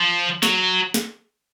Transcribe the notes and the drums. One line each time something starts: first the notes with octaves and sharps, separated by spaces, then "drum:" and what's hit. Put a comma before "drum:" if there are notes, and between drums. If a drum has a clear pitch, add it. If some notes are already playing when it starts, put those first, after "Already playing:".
Already playing: F3
F#3, drum: snare
drum: snare